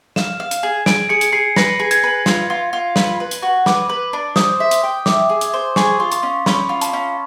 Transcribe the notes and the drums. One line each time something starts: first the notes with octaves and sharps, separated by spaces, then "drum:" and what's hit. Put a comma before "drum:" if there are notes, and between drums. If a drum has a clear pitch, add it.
F5 E7, drum: snare
F5
drum: hi-hat
G#4
G#4 D7, drum: snare
G#4 C#7
drum: hi-hat
G#4 C7
B4 A#6, drum: snare
G#4
G#6, drum: hi-hat
B4
F4, drum: snare
F4
F4
B4, drum: snare
B4
drum: hi-hat
F#4
B4 D6, drum: snare
B4
D4
C5 D#6, drum: snare
E5
drum: hi-hat
G5
E5 D6, drum: snare
G#4
drum: hi-hat
C5
G#4 C#6, drum: snare
F4
C6, drum: hi-hat
C#4
C#4 B5, drum: snare
F4
A5, drum: hi-hat
C#4